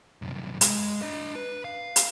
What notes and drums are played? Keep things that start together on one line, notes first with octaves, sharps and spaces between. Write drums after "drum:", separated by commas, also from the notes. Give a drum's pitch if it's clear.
C2 F#2
G#3, drum: hi-hat
D4 D#5
B4
F5
drum: hi-hat